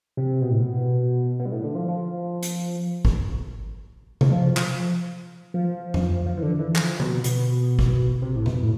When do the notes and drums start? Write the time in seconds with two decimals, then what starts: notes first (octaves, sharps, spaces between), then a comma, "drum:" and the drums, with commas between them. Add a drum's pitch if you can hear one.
0.17 C3
0.42 B2
0.51 A2
0.60 B2
1.40 B2
1.45 G2
1.52 A2
1.64 D3
1.75 F3
1.88 F3
2.43 drum: hi-hat
3.05 drum: kick
4.21 drum: tom C3
4.31 F3
4.57 F3, drum: clap
5.54 F3
5.94 drum: tom F2
6.26 F3
6.37 E3
6.42 D3
6.59 E3
6.76 F3, drum: clap
7.00 B2, drum: tom D3
7.24 B2, drum: hi-hat
7.79 drum: kick
8.22 C3
8.36 A2
8.46 B2, drum: tom F2
8.63 A2